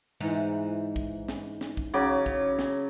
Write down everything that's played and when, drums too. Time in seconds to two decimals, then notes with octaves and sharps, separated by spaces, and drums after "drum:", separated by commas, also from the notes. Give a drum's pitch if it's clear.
0.20 G#2 E3 D#4
0.96 drum: kick
1.28 drum: snare
1.61 drum: snare
1.77 drum: kick
1.94 C#3 F#3 D6
2.26 drum: kick
2.59 drum: snare